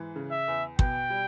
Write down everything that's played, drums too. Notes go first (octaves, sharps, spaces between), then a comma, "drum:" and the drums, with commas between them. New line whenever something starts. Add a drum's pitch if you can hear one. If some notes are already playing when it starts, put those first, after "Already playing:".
Already playing: G#2 E3
C#3
E5
E2
B2 G5, drum: kick
G3